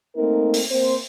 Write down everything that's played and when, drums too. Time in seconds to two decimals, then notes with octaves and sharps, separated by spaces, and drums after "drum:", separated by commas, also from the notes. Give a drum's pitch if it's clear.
0.16 A3 A#3 C4 D#4 A#4
0.54 drum: open hi-hat
0.70 A#3 C4 C5